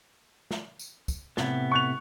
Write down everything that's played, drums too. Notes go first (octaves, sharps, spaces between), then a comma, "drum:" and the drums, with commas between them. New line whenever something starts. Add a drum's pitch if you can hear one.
drum: snare
drum: tambourine
drum: kick, tambourine
A2 C3 B3, drum: snare
C#6 F#6 F7